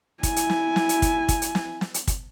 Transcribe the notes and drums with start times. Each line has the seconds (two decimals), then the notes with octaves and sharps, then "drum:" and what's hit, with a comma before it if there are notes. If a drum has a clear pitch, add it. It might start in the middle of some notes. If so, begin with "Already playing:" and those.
0.23 E4 G#5, drum: kick, hi-hat
0.36 drum: hi-hat
0.50 drum: snare
0.76 drum: snare
0.89 drum: hi-hat
1.02 drum: kick, hi-hat
1.29 drum: kick, hi-hat
1.42 drum: hi-hat
1.55 drum: snare
1.81 drum: snare
1.94 drum: hi-hat
2.07 drum: kick, hi-hat